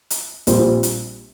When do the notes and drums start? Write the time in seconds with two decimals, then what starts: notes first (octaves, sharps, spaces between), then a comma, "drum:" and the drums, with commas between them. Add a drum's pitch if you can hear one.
0.10 drum: hi-hat
0.47 A#1 A#2 G3 C4, drum: hi-hat
0.83 drum: hi-hat